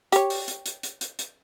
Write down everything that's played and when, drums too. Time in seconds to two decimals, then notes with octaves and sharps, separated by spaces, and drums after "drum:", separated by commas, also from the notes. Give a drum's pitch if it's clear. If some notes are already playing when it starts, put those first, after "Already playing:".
0.12 G4 C#5, drum: hi-hat
0.30 drum: open hi-hat
0.48 drum: hi-hat
0.66 drum: hi-hat
0.83 drum: hi-hat
1.01 drum: hi-hat
1.19 drum: hi-hat